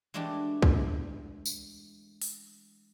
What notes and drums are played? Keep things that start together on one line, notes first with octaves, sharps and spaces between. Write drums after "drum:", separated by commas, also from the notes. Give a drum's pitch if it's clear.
E3 G#3 A3 D4 F#4 G4
drum: kick B1
drum: tambourine
drum: open hi-hat